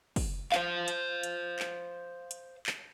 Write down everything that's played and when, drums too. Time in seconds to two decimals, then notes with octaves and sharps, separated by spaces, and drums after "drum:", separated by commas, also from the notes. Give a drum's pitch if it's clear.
0.16 drum: kick, open hi-hat
0.52 C5 F5, drum: clap
0.88 drum: hi-hat
1.23 drum: hi-hat
1.59 drum: clap
2.31 drum: hi-hat
2.66 drum: clap